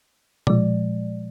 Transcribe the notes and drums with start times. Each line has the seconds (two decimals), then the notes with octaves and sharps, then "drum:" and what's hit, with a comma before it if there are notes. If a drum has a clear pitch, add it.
0.47 A#2 F3 G#3 D5, drum: tom B2